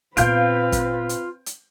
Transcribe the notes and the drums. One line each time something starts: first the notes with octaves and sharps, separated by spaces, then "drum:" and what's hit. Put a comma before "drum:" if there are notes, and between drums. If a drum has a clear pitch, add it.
A#2 B3 C4 F4 B4 F5 G6 D7, drum: hi-hat
drum: kick, hi-hat
drum: hi-hat
drum: hi-hat